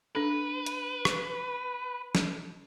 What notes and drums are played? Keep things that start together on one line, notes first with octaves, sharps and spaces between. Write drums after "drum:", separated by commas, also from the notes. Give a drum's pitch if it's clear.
D4 A4 B4
drum: hi-hat
drum: rim click
drum: snare